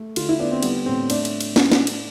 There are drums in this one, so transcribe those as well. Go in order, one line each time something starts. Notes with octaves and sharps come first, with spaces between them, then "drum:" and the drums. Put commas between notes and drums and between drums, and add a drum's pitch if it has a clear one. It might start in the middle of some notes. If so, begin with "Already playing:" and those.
Already playing: A3
D3 F4, drum: cymbal
E4
B3 D4
C4
G3 B3, drum: cymbal
A2 C4
A3 D4, drum: cymbal
drum: cymbal
drum: cymbal
drum: snare
drum: snare
drum: cymbal